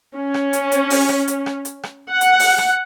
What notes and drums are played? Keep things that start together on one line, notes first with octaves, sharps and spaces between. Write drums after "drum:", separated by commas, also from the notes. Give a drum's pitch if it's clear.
C#4
drum: rim click
drum: hi-hat
drum: hi-hat
drum: open hi-hat
drum: rim click
drum: hi-hat
drum: rim click
drum: hi-hat
drum: rim click
F#5
drum: hi-hat
drum: open hi-hat
drum: rim click